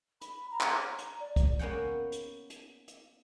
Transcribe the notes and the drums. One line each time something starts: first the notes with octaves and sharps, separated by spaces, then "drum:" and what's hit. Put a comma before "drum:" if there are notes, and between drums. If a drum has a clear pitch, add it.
B5, drum: hi-hat
A#5
drum: clap
C#5
A#5, drum: hi-hat
D5
drum: kick, hi-hat
A#3 B3 C#4 F#5 G5
drum: hi-hat
drum: hi-hat
drum: hi-hat